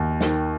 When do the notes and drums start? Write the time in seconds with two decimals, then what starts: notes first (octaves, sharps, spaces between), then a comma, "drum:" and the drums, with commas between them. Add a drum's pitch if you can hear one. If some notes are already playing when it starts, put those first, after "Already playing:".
Already playing: D#2
0.21 D#3, drum: snare